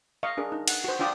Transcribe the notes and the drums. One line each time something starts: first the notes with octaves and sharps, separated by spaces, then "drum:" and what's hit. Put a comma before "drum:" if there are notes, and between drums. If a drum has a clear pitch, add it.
D#5 F5 C#6
D4 G#4 A#4
D#4
F#5, drum: cymbal
F#4 C5
D4 F4 D5 G5 D#6